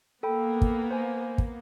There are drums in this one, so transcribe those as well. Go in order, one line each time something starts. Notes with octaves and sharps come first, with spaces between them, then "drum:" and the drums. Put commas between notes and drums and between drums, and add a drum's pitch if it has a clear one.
A#3 B3 A4 G5 B5
drum: kick
C5 G#5
drum: kick